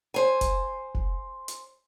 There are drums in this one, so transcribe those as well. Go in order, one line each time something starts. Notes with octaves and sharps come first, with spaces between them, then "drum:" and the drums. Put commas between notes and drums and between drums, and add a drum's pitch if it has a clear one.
C5 G#5
drum: kick F1, hi-hat
drum: kick F1
drum: hi-hat